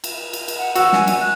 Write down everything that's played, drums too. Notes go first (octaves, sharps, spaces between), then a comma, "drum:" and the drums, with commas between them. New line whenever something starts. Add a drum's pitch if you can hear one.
drum: cymbal
drum: cymbal
drum: cymbal
F#5
F#4 E6, drum: cymbal
G#5, drum: snare
drum: cymbal
F#6